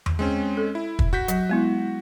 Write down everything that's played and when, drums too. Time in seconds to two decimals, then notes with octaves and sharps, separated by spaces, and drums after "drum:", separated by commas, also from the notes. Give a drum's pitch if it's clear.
0.06 drum: tom E2
0.19 G#3 C4 C#4
0.57 A4
0.75 E4
0.99 drum: kick
1.13 F#4 G6 B6
1.28 F#3, drum: hi-hat
1.49 G#3 B3 E4